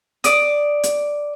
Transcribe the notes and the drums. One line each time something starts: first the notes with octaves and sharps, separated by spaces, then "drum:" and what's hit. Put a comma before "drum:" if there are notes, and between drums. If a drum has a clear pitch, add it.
D5 D#6, drum: hi-hat
drum: hi-hat